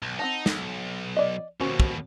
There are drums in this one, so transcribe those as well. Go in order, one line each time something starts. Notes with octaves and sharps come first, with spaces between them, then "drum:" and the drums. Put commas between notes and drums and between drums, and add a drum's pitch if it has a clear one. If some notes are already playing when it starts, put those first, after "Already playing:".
B1
C4 D#4 F#5 A5
B1, drum: snare
D5 D#5
D#2 B2 C#4 F#4 C5
drum: kick